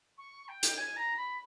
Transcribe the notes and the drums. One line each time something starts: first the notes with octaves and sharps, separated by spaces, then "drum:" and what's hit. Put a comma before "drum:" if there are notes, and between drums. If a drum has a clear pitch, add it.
C#6
G5
drum: hi-hat
G#5
A#5
B5